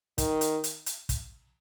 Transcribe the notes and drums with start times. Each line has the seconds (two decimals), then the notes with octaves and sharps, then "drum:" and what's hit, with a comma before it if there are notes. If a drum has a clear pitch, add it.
0.18 D#3, drum: kick, hi-hat
0.41 drum: hi-hat
0.64 drum: hi-hat
0.86 drum: hi-hat
1.09 drum: kick, hi-hat